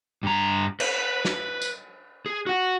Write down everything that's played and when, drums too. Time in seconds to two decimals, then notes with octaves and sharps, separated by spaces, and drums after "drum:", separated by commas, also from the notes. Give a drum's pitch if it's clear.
0.23 G2 A#5
0.80 B4, drum: cymbal
1.25 drum: snare
1.62 drum: tambourine
2.26 G#4
2.47 F#4 F#5